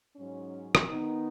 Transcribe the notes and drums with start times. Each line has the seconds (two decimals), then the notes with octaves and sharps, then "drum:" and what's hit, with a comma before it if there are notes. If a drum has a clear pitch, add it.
0.16 G#2 F#3 C#4
0.75 drum: rim click
0.89 D#3 B3 D#4